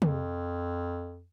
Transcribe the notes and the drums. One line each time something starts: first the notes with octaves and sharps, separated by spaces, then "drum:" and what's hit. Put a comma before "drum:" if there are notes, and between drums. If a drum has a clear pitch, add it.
F2, drum: tom